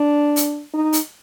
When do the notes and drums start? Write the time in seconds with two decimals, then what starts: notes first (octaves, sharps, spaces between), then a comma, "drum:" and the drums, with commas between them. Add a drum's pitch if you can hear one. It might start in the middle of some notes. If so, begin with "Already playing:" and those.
Already playing: D4
0.36 drum: hi-hat
0.74 D#4
0.93 drum: hi-hat